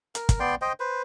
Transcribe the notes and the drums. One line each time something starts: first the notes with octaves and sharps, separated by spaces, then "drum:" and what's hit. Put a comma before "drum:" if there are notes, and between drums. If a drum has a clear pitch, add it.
A#4, drum: hi-hat
drum: kick, hi-hat
B3 D5 G5 C6
C5 D#5 G5
B4 C5